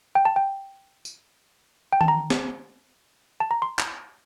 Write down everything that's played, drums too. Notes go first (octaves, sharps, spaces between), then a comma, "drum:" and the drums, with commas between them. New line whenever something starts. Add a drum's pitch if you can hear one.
G5
A5
G5
drum: tambourine
G5
A5, drum: tom D#3
A#5
drum: snare
A5
A#5
C6
drum: clap